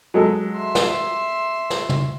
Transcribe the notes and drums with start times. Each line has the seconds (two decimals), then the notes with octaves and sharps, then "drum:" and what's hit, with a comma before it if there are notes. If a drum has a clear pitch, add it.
0.14 F#3 G#3 A4
0.56 E5 C6
0.75 drum: snare
1.70 drum: snare
1.89 drum: tom